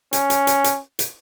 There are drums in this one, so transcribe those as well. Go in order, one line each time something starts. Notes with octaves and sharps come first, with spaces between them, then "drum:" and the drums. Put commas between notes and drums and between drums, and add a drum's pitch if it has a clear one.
C#4, drum: hi-hat
drum: hi-hat
drum: hi-hat
drum: hi-hat
drum: hi-hat